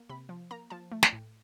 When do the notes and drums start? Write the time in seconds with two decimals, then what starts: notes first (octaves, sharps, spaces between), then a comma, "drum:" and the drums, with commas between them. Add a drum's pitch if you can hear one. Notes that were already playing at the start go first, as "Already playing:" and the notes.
Already playing: A#3
0.09 C3 B5
0.29 F3
0.51 A#3 A#5
0.70 F3 A5
0.92 A3
1.03 G5, drum: snare
1.13 A2